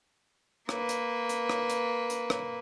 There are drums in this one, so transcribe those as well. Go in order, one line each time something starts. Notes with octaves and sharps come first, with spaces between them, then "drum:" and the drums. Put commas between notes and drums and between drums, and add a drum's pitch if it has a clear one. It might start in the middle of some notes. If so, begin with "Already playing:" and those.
A#3 B4, drum: rim click
drum: hi-hat
drum: hi-hat
drum: rim click
drum: hi-hat
drum: hi-hat
drum: rim click